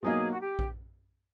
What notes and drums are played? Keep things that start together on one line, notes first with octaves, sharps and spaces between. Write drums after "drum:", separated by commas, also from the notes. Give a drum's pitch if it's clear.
B2 F#3 A#3 D#4 G#4
F#4
G4
drum: kick A#1